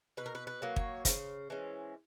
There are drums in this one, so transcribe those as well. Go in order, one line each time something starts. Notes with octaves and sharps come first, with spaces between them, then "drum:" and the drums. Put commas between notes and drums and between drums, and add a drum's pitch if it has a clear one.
B2 B4
A#4
B4
B4
F#3 A#3
C#5, drum: kick
C#3 C5, drum: kick, hi-hat
E3 G#3 C#4